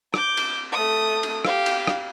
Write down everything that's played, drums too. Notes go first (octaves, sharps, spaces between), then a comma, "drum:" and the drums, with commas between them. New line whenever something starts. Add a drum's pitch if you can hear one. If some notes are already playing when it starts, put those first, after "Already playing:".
D6 G6, drum: rim click
drum: cymbal
A3 D#6
drum: cymbal
G4 F5, drum: rim click
drum: cymbal
drum: rim click